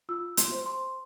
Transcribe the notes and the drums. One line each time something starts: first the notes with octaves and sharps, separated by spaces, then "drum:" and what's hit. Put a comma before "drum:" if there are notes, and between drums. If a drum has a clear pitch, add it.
F4 E6
C6, drum: hi-hat
C5
C6